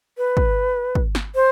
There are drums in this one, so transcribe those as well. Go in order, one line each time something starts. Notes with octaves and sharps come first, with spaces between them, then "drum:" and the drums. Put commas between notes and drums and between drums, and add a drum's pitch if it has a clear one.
B4
drum: kick
drum: kick
drum: snare
C5